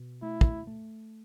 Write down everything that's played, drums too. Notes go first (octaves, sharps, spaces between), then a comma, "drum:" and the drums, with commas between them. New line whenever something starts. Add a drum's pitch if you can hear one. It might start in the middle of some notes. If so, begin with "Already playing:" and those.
Already playing: B2
A3 E4
drum: kick
A3